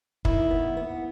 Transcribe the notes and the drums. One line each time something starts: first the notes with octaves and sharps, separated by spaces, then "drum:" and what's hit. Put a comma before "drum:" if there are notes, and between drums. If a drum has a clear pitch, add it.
D#3 E4, drum: kick
B3
B3